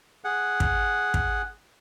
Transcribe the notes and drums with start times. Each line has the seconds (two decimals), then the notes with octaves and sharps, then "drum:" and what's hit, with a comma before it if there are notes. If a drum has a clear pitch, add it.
0.24 G#4 F#5
0.60 drum: kick
1.14 drum: kick